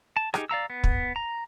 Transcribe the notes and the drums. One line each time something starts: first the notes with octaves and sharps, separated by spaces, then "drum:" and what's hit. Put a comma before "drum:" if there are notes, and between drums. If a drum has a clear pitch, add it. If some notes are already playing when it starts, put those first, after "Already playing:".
A5
D#4 G4 G#4, drum: rim click
D5 F5 A#5 E6
B3
drum: kick
A#5